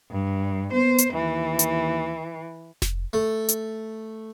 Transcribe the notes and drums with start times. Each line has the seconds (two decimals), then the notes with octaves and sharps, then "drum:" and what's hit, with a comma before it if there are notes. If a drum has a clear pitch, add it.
0.11 G2
0.73 B3 C5
0.98 drum: hi-hat
1.14 D#2 E3
1.59 drum: hi-hat
2.82 drum: snare F1
3.13 A3
3.48 drum: hi-hat